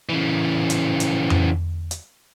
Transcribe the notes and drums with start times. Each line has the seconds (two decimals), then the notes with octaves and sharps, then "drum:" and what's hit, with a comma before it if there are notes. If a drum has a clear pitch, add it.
0.09 C#3 E3
0.70 drum: hi-hat
1.00 drum: hi-hat
1.30 drum: tom F2
1.91 drum: hi-hat